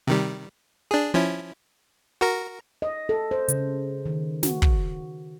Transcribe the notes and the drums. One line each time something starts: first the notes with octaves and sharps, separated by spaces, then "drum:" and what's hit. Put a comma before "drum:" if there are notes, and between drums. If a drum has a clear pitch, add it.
C3 D#3 G3
D4 G#4
F3 C#4 E4
F#4 A#4 A#5
D#5
A4
C5
C#3, drum: hi-hat
D#3
F#4, drum: snare
drum: kick